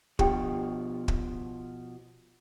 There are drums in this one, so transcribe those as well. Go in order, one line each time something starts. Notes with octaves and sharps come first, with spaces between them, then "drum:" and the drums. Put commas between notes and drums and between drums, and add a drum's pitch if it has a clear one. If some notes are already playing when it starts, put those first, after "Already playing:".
B2 F3 G4 G5, drum: kick
drum: kick